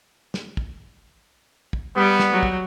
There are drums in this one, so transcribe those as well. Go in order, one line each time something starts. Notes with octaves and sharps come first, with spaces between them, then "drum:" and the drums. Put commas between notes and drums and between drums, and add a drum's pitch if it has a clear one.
drum: snare
drum: kick
drum: kick
G3 B3
drum: snare
F#3
drum: kick